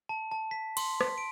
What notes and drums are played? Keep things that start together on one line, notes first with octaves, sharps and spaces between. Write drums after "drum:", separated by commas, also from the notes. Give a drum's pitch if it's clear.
A5
A5
B6
C6, drum: cymbal
B6, drum: rim click
D7